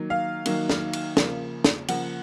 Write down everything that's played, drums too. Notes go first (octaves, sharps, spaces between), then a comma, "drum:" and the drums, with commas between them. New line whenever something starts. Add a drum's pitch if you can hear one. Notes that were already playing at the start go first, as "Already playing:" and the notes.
Already playing: D#3 F#3 A#3
F5
D#3 F#3 A#3, drum: cymbal
drum: snare
drum: cymbal
C#3 F3 A#3, drum: snare
drum: snare
C#3 F3 A#3 F#5, drum: cymbal